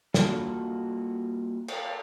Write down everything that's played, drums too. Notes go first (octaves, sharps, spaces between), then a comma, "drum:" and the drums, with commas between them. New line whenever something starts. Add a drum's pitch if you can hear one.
G3 A#3 F4 F#4 A4, drum: snare
drum: cymbal